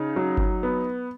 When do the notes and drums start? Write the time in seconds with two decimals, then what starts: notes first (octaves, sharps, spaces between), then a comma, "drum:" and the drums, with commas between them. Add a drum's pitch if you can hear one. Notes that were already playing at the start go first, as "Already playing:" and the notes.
Already playing: C#3 D#4
0.16 F#3
0.37 drum: kick G1
0.63 B3